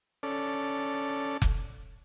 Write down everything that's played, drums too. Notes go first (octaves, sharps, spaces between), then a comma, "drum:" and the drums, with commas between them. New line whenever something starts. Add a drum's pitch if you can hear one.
C#4 A4 D5
drum: kick F1